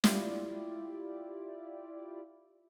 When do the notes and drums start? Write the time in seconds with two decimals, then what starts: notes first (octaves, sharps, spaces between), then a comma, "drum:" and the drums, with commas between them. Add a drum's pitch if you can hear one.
0.04 E4 F4 G4 D5, drum: snare